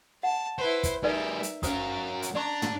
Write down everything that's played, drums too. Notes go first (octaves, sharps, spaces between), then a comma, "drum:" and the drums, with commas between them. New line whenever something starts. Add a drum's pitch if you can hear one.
F#5 A5
E4 B4 C5
drum: kick, hi-hat
G3 D#4 G#4 A#4 B4 D5 E5
drum: hi-hat
F#3 C#4 A#4 C5 F5 D#6, drum: kick, hi-hat
drum: hi-hat
D4 D5 A#5 C#6
drum: tom